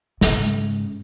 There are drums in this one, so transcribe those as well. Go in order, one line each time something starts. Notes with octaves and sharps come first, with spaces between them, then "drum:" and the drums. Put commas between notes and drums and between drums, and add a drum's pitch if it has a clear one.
G#2 C#3, drum: snare